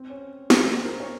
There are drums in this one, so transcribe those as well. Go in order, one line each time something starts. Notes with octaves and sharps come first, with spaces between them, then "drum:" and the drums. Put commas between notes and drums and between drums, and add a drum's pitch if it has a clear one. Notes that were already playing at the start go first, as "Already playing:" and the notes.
Already playing: C4
C#4
drum: snare
A#4
C5
A#4
C#5